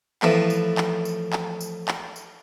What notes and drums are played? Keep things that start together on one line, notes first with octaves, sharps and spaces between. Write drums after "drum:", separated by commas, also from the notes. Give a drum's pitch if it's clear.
A2 E3 F3 A3, drum: clap
drum: tambourine
drum: clap
drum: tambourine
drum: clap
drum: tambourine
drum: clap
drum: tambourine